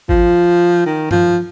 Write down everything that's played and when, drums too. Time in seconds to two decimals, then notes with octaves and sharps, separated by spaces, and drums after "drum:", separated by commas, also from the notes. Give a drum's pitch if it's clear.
0.09 F3, drum: kick G#1
0.86 D#3
1.11 F3, drum: tom